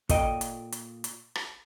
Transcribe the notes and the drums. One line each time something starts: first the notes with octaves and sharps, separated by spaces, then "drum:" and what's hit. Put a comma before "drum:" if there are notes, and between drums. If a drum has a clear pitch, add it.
A#2 A4 D#5 G5, drum: kick, hi-hat
drum: hi-hat
drum: hi-hat
drum: hi-hat
drum: rim click